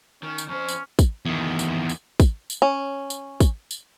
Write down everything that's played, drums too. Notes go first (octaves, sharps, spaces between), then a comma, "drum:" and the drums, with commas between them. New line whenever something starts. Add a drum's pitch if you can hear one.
D#3 C#4
drum: tambourine
F2 C#4 C5
drum: tambourine
drum: kick, tambourine
E2 D#3
drum: tambourine
drum: tambourine
drum: kick, tambourine
drum: tambourine
C#4
drum: tambourine
drum: kick, tambourine
drum: tambourine